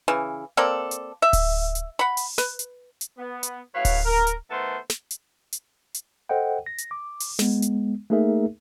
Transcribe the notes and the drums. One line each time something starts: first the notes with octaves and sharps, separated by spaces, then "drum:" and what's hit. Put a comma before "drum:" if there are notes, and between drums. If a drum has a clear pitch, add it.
C#3 E3
A#3 C4 A4 D5
drum: hi-hat
E5
drum: kick D1, open hi-hat
drum: hi-hat
F#5 B5
drum: open hi-hat
B4, drum: snare
drum: hi-hat
drum: hi-hat
B3
drum: hi-hat
F#2 A2 F#3 B4 C#5 F5
drum: kick D1, open hi-hat
A#4
drum: hi-hat
D#3 A3 B3 A4 A#4 C5
drum: snare
drum: hi-hat
drum: hi-hat
drum: hi-hat
A4 C5 D#5 F#5 G5
A#6
drum: hi-hat
D6
drum: open hi-hat
G#3 B3, drum: snare
drum: hi-hat
A3 A#3 D#4 G#4 A#4 E5